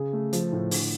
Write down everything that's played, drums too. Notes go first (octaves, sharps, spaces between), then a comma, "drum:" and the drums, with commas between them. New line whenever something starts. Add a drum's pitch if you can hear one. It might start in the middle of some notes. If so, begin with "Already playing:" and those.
Already playing: C#3 G#4
A3
F3, drum: hi-hat
A2
D3, drum: open hi-hat